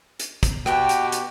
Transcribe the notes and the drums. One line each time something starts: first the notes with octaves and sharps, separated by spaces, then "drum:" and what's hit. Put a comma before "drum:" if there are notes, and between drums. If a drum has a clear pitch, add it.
drum: hi-hat
drum: kick, hi-hat
B2 F#4 G4 G5, drum: rim click
drum: hi-hat
drum: hi-hat